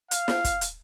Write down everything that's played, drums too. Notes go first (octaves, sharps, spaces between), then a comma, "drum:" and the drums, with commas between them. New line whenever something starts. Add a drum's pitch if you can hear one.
F5, drum: hi-hat
drum: snare
drum: kick, hi-hat
drum: hi-hat